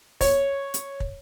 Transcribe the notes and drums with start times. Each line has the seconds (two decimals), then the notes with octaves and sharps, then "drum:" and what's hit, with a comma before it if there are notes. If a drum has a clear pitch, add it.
0.21 C#5, drum: kick, open hi-hat
0.74 drum: hi-hat
1.00 drum: kick